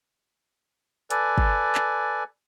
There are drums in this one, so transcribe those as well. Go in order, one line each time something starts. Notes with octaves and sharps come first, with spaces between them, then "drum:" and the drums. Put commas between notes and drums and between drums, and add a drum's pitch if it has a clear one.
A4 B4 D5 G#5, drum: hi-hat
drum: kick
drum: clap